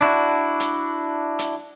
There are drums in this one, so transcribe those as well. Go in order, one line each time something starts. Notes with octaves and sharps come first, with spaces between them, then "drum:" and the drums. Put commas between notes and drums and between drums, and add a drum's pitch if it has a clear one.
D4 E4 F#4
drum: hi-hat
drum: hi-hat